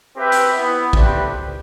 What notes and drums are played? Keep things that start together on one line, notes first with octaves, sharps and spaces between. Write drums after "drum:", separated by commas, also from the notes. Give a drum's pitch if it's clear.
C4 G4 B4 E5 G5
drum: hi-hat
B3 E4 B4
A3 C4 G4 B4 D5, drum: kick